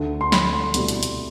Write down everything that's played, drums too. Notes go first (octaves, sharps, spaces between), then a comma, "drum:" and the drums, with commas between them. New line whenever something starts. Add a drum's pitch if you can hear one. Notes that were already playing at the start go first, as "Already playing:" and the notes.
Already playing: D2 D3 A3
C6
B5, drum: snare
C6
C2 B2 A3, drum: hi-hat
drum: hi-hat
drum: hi-hat